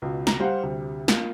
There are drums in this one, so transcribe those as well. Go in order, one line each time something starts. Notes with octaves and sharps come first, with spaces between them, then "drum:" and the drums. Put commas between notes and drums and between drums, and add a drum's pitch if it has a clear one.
C#2 B2
A#5, drum: snare
G3 C5 F5 F#5
D2 C3
A#3 F4, drum: snare